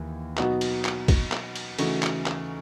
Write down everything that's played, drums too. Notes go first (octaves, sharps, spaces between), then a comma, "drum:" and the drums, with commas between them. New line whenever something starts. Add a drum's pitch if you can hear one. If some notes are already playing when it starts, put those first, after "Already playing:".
Already playing: D#2 E3
B2 F#3 B3 D#4 F#4, drum: clap
drum: cymbal
drum: clap
drum: kick, cymbal
drum: clap
drum: cymbal
C#3 E3 A3 D#4 F#4, drum: cymbal
drum: clap
drum: clap